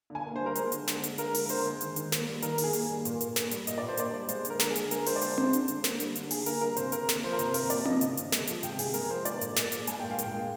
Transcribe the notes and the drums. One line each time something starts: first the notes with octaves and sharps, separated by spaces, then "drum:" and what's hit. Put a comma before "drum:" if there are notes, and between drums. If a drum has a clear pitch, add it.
D3 G#5
A#3
C5
G3
A#4
G#3 C5, drum: hi-hat
D3, drum: hi-hat
D3, drum: snare
G#3, drum: hi-hat
G#3 A#4, drum: hi-hat
D3, drum: open hi-hat
A#4
D3 C5, drum: hi-hat
G#3
D#3, drum: hi-hat
D#3, drum: hi-hat
A#3, drum: snare
G3
D#3 A#4, drum: hi-hat
D#3, drum: open hi-hat
G#4
A#3, drum: hi-hat
G3
A#2, drum: hi-hat
A#2, drum: hi-hat
A#3, drum: snare
G3, drum: hi-hat
A#2 D#5, drum: hi-hat
A#2 D5
C5
A#3 D5, drum: hi-hat
G3
G#3 C5, drum: hi-hat
D3, drum: hi-hat
A#4
D3, drum: snare
G#4
G#3, drum: hi-hat
G#3 A#4, drum: hi-hat
D3 C5, drum: open hi-hat
D5
D3 C5, drum: hi-hat
G#3 C5, drum: tom C4
D3, drum: hi-hat
D3, drum: hi-hat
A#3, drum: snare
G3, drum: hi-hat
D3, drum: hi-hat
D3 G#4, drum: open hi-hat
A#3 A#4, drum: hi-hat
G3 A#4
C3 C5, drum: hi-hat
C3 A#4, drum: hi-hat
A#3, drum: snare
F3 C5
A#4
C3 C5, drum: hi-hat
C3 A#4, drum: open hi-hat
A#3 D5, drum: hi-hat
F3 D#5, drum: tom C4
C3 D#5, drum: hi-hat
C3, drum: hi-hat
G#3, drum: snare
F3, drum: hi-hat
C3 G5, drum: hi-hat
C3 G#4, drum: open hi-hat
G#3 A#4, drum: hi-hat
F3 C5
G#3 D5, drum: hi-hat
A#2, drum: hi-hat
A#2, drum: snare
G#3, drum: hi-hat
G#3 G#5, drum: hi-hat
A#2 G5
F5
A#2 G5, drum: hi-hat
G#3